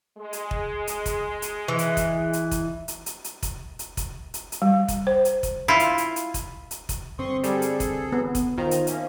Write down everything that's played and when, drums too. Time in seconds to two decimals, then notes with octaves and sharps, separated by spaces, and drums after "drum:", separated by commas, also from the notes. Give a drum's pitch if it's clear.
0.18 G#3
0.33 drum: hi-hat
0.51 drum: kick F1
0.87 drum: hi-hat
1.06 drum: kick F1, hi-hat
1.42 drum: hi-hat
1.68 E3
1.79 drum: hi-hat
1.97 drum: kick F1, hi-hat
2.33 drum: hi-hat
2.51 drum: kick F1, hi-hat
2.88 drum: hi-hat
3.06 drum: hi-hat
3.24 drum: hi-hat
3.43 drum: kick F1, hi-hat
3.79 drum: hi-hat
3.97 drum: kick F1, hi-hat
4.34 drum: hi-hat
4.52 drum: hi-hat
4.62 G3
4.88 drum: kick F1, hi-hat
5.07 C5
5.25 drum: hi-hat
5.43 drum: kick F1, hi-hat
5.68 E4 F4
5.80 drum: hi-hat
5.98 drum: hi-hat
6.16 drum: hi-hat
6.34 drum: kick F1, hi-hat
6.71 drum: hi-hat
6.89 drum: kick F1, hi-hat
7.19 G2 D3 C4 C6 C#6 D#6
7.44 G3 G#4 A4, drum: hi-hat
7.62 drum: hi-hat
7.80 drum: kick F1, hi-hat
8.12 B3
8.35 drum: kick F1, hi-hat
8.58 D#3 F4 C5 A#5
8.71 drum: hi-hat
8.87 F3 A#3 C#4 E5, drum: hi-hat